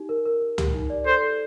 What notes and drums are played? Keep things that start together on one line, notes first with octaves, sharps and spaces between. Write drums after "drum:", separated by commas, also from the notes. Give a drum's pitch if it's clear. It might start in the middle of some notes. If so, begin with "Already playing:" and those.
Already playing: D#4 G4
A#4
A#4
A#4
G4, drum: tom
D#4
D5
A4 C5
A4